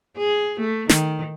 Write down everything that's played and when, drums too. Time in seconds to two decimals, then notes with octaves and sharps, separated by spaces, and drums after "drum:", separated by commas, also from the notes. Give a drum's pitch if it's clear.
0.18 G#4
0.60 A3
0.89 D#3, drum: snare